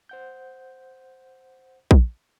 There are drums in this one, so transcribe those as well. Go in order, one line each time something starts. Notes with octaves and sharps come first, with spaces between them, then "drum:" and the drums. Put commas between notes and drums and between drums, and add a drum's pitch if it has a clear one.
C5 F#5 G6
drum: kick A#1